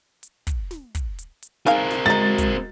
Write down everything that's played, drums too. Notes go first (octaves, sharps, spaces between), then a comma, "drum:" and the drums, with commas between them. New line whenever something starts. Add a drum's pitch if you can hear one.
drum: hi-hat
drum: kick, hi-hat
drum: snare
drum: kick, hi-hat
drum: hi-hat
drum: hi-hat
C4 D#4 G#4 A#4 F5 F#6 A6, drum: hi-hat
drum: snare
D#3 G#3 D#4 F#4 A6
drum: kick, hi-hat